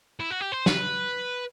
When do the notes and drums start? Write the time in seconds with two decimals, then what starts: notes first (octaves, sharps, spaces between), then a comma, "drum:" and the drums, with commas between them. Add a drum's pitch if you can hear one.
0.20 E4
0.31 F#4
0.41 G4
0.52 C5
0.66 B4, drum: snare